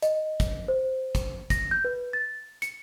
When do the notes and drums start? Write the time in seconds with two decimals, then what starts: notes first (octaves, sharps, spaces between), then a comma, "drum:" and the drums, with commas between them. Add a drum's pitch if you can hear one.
0.02 D#5, drum: hi-hat
0.40 drum: kick, hi-hat
0.68 C5
1.15 drum: kick, hi-hat
1.50 A#6, drum: kick, hi-hat
1.71 G6
1.85 B4
2.13 A6
2.62 C#7, drum: hi-hat